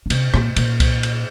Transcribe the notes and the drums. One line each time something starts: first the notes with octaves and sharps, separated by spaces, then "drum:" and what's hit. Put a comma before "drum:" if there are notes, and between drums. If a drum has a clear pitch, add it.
D#3
C3, drum: cymbal
A#2, drum: rim click
A#2, drum: cymbal
drum: kick C2, cymbal
drum: cymbal